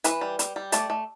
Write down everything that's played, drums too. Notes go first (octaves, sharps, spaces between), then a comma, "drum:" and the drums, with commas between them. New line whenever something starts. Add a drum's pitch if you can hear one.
E3 B4, drum: hi-hat
G3
G3, drum: hi-hat
G3
A3 D5, drum: hi-hat
A3